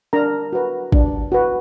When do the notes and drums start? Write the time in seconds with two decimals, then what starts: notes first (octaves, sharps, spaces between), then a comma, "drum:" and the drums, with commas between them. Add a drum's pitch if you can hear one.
0.13 D4 A#4 A#5
0.53 F#4 B4
0.92 D4, drum: kick
1.32 F#4 B4